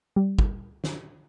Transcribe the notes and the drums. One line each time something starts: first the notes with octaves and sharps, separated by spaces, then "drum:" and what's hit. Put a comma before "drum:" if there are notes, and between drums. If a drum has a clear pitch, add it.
G3
drum: kick
drum: snare